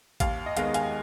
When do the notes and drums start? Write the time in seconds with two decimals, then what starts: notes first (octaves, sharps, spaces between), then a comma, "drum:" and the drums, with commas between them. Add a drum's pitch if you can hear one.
0.20 D#2 F5, drum: kick A1, hi-hat
0.46 D#5
0.57 D#3 G#3 B3 F5, drum: hi-hat
0.74 F5 G#5, drum: hi-hat